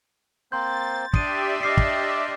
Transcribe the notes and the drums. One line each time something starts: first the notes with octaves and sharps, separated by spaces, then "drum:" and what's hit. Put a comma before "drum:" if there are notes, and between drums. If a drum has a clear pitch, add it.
A#3 C4 C5 C6 G6 A6
D4 G4 D5 E5 C6 D#6 D#7, drum: kick
D4 D#5 D6 F6 C7
drum: kick